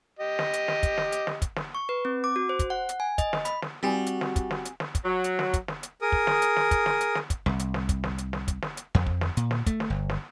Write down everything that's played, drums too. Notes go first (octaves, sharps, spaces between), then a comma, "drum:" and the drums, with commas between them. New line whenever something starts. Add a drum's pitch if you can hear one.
G4 D#5
drum: snare
drum: hi-hat
drum: snare
drum: kick, hi-hat
drum: snare
drum: hi-hat
drum: snare
drum: kick, hi-hat
drum: snare
C#6
B4
C4
D6
F#4
C5
drum: kick, hi-hat
F#5
drum: hi-hat
G#5
D#5, drum: kick, hi-hat
drum: snare
B5, drum: hi-hat
drum: snare
G3 C4 F#4 G4 G#5
drum: hi-hat
drum: snare
drum: kick, hi-hat
drum: snare
drum: hi-hat
drum: snare
drum: kick, hi-hat
F#3
drum: hi-hat
drum: snare
drum: kick, hi-hat
drum: snare
drum: hi-hat
G#4 A#4 D#6
drum: kick
drum: snare
drum: hi-hat
drum: snare
drum: kick, hi-hat
drum: snare
drum: hi-hat
drum: snare
drum: kick, hi-hat
C2, drum: snare
drum: hi-hat
drum: snare
drum: kick, hi-hat
drum: snare
drum: hi-hat
drum: snare
drum: kick, hi-hat
drum: snare
drum: hi-hat
F2, drum: snare
drum: kick
drum: snare
A#2, drum: hi-hat
drum: snare
A3, drum: kick, hi-hat
drum: snare
G1
drum: snare